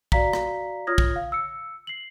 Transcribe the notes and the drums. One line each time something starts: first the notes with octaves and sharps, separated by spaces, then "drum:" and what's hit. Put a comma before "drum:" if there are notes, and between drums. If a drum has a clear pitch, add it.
F#4 D5 F5 A#5 B6, drum: kick
drum: rim click
F4 C#5 D#6 F6 G#6 A#6
drum: kick
F5
E6 C#7
C7 F#7